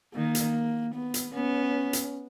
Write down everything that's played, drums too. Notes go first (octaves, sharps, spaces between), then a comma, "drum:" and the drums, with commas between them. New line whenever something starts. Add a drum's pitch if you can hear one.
D#3 A#3
drum: hi-hat
B3
drum: hi-hat
B3 C#4
drum: hi-hat